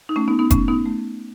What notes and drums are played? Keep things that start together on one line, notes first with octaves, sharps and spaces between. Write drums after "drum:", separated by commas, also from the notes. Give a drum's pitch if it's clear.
D#4
A3 C#4
B3 D#4
B3 D#4
A3 C#4, drum: kick F1, hi-hat
B3 D#4
A3